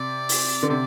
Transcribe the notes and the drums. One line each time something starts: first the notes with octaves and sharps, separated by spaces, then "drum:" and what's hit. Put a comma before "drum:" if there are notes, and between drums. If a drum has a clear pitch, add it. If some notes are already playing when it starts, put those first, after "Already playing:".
Already playing: C3 D5
drum: open hi-hat
D3
C3 D5